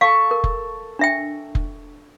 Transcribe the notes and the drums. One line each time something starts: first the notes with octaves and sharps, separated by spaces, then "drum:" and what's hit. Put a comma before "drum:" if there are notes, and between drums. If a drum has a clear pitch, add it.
A4 F5 C#6
A#4
drum: kick F1
D4 E5 G5
drum: kick F1